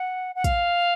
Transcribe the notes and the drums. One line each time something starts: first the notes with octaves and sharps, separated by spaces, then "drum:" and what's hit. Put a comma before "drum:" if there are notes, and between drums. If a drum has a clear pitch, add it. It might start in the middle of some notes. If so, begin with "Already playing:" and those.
Already playing: F#5
F#5
F5, drum: kick, hi-hat